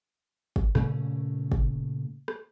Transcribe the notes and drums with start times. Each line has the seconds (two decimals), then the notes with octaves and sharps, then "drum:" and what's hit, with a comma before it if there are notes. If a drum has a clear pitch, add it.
0.56 drum: kick
0.75 A#2 C#3 A3 C#4, drum: rim click
1.52 drum: kick
2.28 drum: rim click